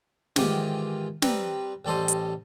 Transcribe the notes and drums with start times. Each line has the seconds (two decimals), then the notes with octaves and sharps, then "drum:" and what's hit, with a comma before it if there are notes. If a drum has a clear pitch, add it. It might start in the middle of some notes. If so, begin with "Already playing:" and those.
0.36 G#2 D#3 E3 F4 G4 D#5, drum: snare
1.22 G3 C4 B4 A#5, drum: snare
1.85 A1 G3 A4 C5 D#5
2.08 drum: hi-hat